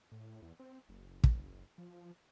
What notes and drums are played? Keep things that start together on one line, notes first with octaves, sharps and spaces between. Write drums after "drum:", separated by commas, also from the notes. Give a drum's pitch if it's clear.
A2
E2
C4
F#1
drum: kick
F3